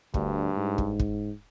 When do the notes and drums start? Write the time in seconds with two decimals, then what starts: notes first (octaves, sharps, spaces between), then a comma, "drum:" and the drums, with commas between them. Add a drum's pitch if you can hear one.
0.14 D2 G2, drum: kick
0.57 G#2
0.78 drum: kick
1.00 drum: kick